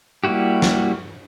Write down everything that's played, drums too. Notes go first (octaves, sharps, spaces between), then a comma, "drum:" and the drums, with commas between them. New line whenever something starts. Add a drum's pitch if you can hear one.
G3 A#3 E4 F#4 G4
drum: snare